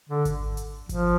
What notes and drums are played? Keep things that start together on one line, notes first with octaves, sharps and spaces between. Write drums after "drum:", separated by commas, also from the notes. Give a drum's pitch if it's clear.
D3
drum: kick G#1, hi-hat
drum: hi-hat
F3, drum: kick G#1, hi-hat